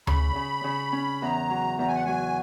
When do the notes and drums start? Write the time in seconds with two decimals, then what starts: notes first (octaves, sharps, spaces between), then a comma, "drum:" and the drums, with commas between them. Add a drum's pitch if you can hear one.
0.07 C#3 B5, drum: tom D2
0.35 C#3
0.64 C#3
0.92 C#4
1.22 E2 A#5
1.50 F#3
1.79 E2 A#5
1.88 G#5
1.95 F#5
2.04 F#3 G#5